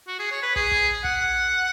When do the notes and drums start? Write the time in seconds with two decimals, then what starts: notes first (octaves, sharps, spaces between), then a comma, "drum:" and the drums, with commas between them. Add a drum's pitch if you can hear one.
0.07 F#4
0.19 G#4
0.31 C#5
0.43 B4
0.56 G#4, drum: kick
0.71 drum: kick
1.04 F#5, drum: kick